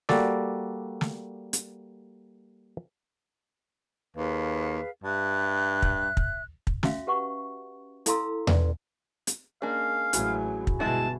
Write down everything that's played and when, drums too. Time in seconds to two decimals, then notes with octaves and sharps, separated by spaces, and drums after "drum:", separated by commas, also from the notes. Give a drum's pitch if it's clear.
0.09 G3 A#3 F#4 A4 D5, drum: snare
1.01 drum: snare
1.53 drum: hi-hat
4.17 D#2 G#4 B4 F5
5.04 G2 E5 F#6
5.82 drum: kick
6.17 drum: kick
6.67 drum: kick
6.83 C#4 F#4 E5 F5, drum: snare
7.07 G4 B4 F#5 C#6
8.06 E4 A4 F5 A#5 C6 E6, drum: hi-hat
8.47 C#4 B4 D5, drum: tom E2
9.27 drum: hi-hat
9.62 G#3 A#3 C#4 D4 F5
10.13 A1 F#3 E4 F#4 G#4, drum: hi-hat
10.67 drum: kick
10.80 G1 B2 G#3 E4 F#4 A5